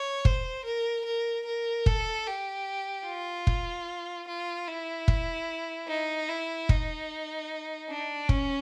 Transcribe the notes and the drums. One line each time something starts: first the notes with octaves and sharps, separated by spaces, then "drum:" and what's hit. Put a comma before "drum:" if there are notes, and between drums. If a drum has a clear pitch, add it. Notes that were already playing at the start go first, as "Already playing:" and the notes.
Already playing: C#5
C5, drum: kick
A#4
A#4
A#4
A4, drum: kick
G4
F4
drum: kick
F4
E4
drum: kick
D#4
E4
D#4, drum: kick
D4
C#4, drum: kick